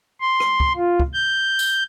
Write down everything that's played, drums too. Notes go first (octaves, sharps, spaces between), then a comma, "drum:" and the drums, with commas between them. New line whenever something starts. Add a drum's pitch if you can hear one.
C6
drum: rim click
drum: kick
F4
drum: kick
G6
drum: tambourine